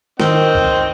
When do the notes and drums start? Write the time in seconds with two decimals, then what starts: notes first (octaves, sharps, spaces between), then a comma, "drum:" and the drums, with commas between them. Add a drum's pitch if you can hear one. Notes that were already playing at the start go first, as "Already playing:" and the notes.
0.20 D#3 C4 D#5 G5, drum: snare
0.55 drum: kick